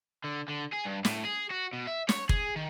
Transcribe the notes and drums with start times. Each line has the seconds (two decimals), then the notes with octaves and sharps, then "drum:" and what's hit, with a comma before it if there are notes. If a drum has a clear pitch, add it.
0.24 D3
0.49 D3
0.73 G#4
0.86 G2
1.05 A2, drum: snare
1.25 G#4
1.51 F#4
1.73 B2
1.87 E5
2.09 C#5, drum: snare
2.29 G#4, drum: kick
2.56 D#3